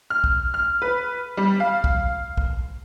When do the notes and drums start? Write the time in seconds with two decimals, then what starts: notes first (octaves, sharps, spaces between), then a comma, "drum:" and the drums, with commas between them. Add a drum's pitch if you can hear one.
0.10 F6
0.24 drum: kick
0.54 F6
0.82 B4
1.37 G3
1.60 F5
1.84 drum: kick
2.37 drum: kick